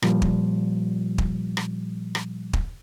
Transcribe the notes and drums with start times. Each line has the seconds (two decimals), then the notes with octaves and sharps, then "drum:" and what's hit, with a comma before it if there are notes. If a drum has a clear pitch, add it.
0.02 A#2 F3 G3, drum: rim click
0.22 drum: kick
1.18 drum: kick
1.57 drum: rim click
2.15 drum: rim click
2.53 drum: kick